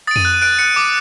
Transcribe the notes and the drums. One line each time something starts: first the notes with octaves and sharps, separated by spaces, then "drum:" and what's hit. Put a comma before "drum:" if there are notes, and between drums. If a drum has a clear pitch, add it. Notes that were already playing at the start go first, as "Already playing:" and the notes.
D#6 A6 D7
D#7, drum: tom F2
F#6
D#7
F#6 D7
F#6 C#7
D6